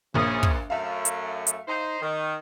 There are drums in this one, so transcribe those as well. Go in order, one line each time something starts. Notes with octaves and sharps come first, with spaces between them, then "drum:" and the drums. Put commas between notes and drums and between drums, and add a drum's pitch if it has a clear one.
A#1 A#2 C#3 C#4 G#4
drum: kick
F#2 A3 E5 F5
drum: hi-hat
drum: hi-hat
D#4 C5
D#3